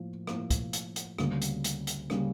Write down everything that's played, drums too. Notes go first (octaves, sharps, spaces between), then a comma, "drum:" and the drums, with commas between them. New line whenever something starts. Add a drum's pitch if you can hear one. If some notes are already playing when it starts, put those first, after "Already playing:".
Already playing: A2 F3 A#3
A2 F3 A#3, drum: rim click
drum: kick, hi-hat
drum: hi-hat
drum: hi-hat
D2 C#3 G3 A#3 C#4, drum: rim click
drum: hi-hat
drum: hi-hat
drum: hi-hat
C#3 G3 A#3 C#4, drum: rim click